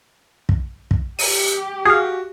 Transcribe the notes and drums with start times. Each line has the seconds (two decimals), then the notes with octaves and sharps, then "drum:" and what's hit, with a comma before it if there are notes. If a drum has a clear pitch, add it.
0.49 drum: kick
0.91 drum: kick
1.19 G4 D#7, drum: open hi-hat
1.85 F#4 G#4 F5